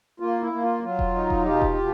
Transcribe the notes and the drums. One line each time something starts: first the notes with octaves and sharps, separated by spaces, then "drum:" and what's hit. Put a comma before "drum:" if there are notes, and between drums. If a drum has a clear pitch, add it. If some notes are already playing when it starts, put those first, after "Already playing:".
A#3 F4
E4
A#3
F4
F#3 F4
drum: kick E1
D#4
drum: kick E1
B2 F4 G4
drum: kick E1
B2